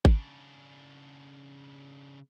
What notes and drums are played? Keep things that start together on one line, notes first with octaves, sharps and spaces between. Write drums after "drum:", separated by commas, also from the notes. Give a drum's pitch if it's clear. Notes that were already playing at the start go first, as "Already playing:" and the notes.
C#3 D4, drum: kick G#1